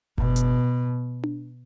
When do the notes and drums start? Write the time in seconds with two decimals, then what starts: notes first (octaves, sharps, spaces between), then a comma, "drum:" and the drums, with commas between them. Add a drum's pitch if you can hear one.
0.18 B2, drum: kick F#1
0.36 drum: hi-hat
1.24 drum: tom D4